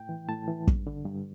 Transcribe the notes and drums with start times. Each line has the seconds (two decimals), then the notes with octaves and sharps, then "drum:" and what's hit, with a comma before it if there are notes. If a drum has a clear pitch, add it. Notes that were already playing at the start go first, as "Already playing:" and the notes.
Already playing: A2 G5
0.09 E3
0.29 A2 A5
0.48 E3
0.67 G2, drum: kick
0.87 D3
1.06 G2